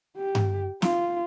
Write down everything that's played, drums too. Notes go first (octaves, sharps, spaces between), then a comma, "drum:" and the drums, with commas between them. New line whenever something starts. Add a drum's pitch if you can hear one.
G4
drum: tom G2
F4, drum: snare